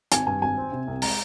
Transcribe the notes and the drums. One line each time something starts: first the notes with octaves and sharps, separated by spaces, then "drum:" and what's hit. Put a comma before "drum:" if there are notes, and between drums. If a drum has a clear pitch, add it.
G#1 G#5, drum: hi-hat
G2 G#5
G#1 G#5
C4
C3
C2
G#3 A#5, drum: open hi-hat